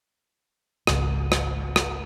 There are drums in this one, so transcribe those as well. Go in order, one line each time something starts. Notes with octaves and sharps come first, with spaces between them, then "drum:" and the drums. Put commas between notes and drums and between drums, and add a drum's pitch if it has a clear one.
G#1 C#2 C4, drum: rim click
drum: rim click
drum: rim click